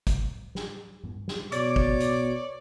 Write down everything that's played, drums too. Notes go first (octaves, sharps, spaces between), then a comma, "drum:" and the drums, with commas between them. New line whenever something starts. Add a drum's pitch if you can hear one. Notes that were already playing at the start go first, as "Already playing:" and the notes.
drum: kick G#1, hi-hat
drum: snare
drum: tom G2
drum: snare
B2 C#5 D5 D6, drum: hi-hat
drum: kick G#1
drum: hi-hat